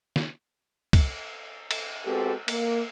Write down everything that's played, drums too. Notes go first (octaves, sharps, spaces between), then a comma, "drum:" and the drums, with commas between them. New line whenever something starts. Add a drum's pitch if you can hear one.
drum: snare
drum: kick, cymbal
drum: cymbal
G#3 B3 C4 F#4 G4 A4
A#3, drum: cymbal